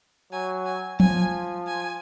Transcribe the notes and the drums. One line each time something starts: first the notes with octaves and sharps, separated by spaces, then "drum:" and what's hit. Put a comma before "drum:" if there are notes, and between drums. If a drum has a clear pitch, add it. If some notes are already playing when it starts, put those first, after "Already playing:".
F#3 G#5
G#5
F3 G#5, drum: tom F3
G#5